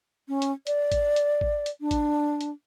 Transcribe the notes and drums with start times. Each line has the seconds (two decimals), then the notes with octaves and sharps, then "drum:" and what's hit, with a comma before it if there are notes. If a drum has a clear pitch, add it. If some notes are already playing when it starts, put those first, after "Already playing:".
0.28 C#4
0.42 drum: hi-hat
0.67 D5, drum: hi-hat
0.92 drum: kick G#1, hi-hat
1.16 drum: hi-hat
1.41 drum: kick G#1
1.66 drum: hi-hat
1.81 D4
1.91 drum: kick G#1, hi-hat
2.41 drum: hi-hat